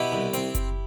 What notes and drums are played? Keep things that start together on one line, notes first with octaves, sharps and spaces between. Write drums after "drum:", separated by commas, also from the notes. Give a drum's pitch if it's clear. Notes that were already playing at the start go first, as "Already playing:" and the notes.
Already playing: B2 E4 G4
C2
C4, drum: hi-hat
drum: kick F#1, hi-hat